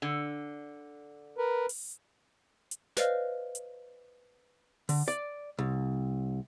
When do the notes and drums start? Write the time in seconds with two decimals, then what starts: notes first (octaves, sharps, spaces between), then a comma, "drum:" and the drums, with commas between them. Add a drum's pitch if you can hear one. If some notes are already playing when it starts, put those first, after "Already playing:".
0.02 D3
1.38 A#4 B4
1.69 drum: open hi-hat
2.71 drum: hi-hat
2.97 B4 C5 D5 D#5 F5 F6, drum: snare
3.55 drum: hi-hat
4.89 D3, drum: open hi-hat
5.08 D5
5.59 C2